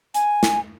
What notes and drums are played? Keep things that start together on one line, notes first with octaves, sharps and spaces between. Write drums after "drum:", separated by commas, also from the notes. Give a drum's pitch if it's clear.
G#5, drum: hi-hat
drum: snare